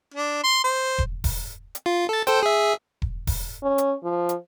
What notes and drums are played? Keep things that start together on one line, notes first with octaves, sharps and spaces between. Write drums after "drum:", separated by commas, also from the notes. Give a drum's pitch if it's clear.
D4
C6
C5
drum: kick E1
drum: kick E1, open hi-hat
drum: hi-hat
F4
A4 A6
A4 C5 G5, drum: hi-hat
G#4 E5
drum: kick E1
drum: kick E1, open hi-hat
C#4
drum: hi-hat
F3
drum: hi-hat